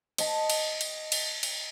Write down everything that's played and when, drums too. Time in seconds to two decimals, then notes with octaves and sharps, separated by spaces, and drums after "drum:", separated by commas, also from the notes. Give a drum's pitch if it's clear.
0.18 D#5 A5, drum: cymbal
0.50 drum: cymbal
0.81 drum: cymbal
1.12 drum: cymbal
1.43 drum: cymbal